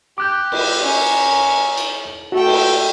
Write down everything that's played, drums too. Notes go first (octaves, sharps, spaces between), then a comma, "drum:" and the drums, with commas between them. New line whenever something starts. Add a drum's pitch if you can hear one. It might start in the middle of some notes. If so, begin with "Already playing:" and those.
G4 D6 F#6 G6
drum: cymbal
C#4 A#4
drum: cymbal
A3 F#4 G5
drum: cymbal